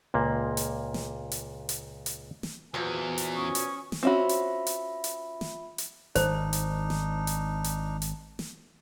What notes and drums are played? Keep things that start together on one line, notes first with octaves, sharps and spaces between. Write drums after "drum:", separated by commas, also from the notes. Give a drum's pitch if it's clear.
C#2 A#2 A#3
drum: hi-hat
drum: snare
drum: hi-hat
drum: hi-hat
drum: hi-hat
drum: snare
E2 A#2 F3 F#3 B4 C5 G#5
drum: hi-hat
C#4 C#6 D#6
drum: hi-hat
drum: snare
C4 C#4 F4 F#4 E5 B5
drum: hi-hat
drum: hi-hat
drum: hi-hat
drum: snare
drum: hi-hat
G#1 D4 D#4 C5, drum: hi-hat
drum: hi-hat
drum: snare
drum: hi-hat
drum: hi-hat
drum: hi-hat
drum: snare